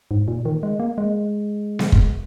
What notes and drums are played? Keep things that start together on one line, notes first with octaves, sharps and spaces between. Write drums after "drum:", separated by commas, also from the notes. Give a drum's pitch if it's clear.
G#2
A#2
D#3
G#3
A#3
G#3
drum: snare B3
drum: kick